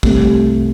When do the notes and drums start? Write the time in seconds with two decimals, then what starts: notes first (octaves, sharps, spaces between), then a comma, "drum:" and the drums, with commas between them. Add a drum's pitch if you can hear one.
0.03 C2 C3 A3, drum: kick